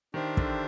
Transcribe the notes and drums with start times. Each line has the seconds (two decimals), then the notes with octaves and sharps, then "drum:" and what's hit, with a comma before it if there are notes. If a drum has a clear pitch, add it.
0.14 D#3 D4 G4 C5 E5
0.37 D3, drum: kick